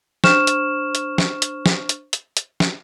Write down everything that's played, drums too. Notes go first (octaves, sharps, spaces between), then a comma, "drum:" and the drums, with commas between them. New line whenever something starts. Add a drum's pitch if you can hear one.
D4 C5 C#6 F6 E7, drum: snare
drum: hi-hat
drum: hi-hat
drum: snare
drum: hi-hat
drum: snare
drum: hi-hat
drum: hi-hat
drum: hi-hat
drum: snare